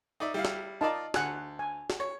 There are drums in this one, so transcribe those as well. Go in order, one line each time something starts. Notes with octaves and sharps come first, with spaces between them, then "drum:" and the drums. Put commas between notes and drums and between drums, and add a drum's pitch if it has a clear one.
D#4 D5 E5
G3 E4 F5
drum: snare
D#4 F4 A#4 D5 D#5 A5
D2 F#5 G#5 F#6, drum: snare
G#5
drum: snare
C#5 C#6